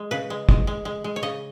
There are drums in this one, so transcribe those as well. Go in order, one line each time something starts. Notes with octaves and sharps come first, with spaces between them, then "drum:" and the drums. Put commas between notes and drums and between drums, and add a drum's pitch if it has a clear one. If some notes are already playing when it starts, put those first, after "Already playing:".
Already playing: G#3 G#4
C#3 B4
G#3
G#3, drum: kick
G#3
G#3
G#3
C#5
C#3 D#5